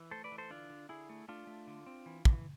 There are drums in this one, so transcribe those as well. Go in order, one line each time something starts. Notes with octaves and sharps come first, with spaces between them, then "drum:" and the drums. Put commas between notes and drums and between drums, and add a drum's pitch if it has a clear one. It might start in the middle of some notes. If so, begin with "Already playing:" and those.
Already playing: E3
A3 A4 C5
B4 D5
E3
A4 C5
D3 D4 F4
D3
D3 E4 G#4
A3
A3 D4 F4
A3
D3
C4
E3
E3, drum: kick